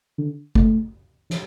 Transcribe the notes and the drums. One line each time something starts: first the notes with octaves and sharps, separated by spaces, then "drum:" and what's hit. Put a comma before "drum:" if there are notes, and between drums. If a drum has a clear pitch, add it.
D3
A3, drum: kick G1
drum: snare